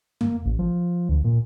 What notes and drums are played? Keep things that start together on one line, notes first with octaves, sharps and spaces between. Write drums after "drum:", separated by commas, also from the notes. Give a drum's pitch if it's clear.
A#3, drum: tom F2
A1
F3
D2
A#2